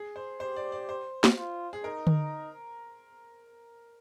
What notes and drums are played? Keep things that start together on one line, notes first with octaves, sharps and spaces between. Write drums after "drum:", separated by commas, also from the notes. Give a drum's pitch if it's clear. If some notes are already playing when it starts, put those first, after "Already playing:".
Already playing: G#4
C5
G4 C5
D5
D5
C5
drum: snare
F4
G#4
D#4 A#4
drum: tom D3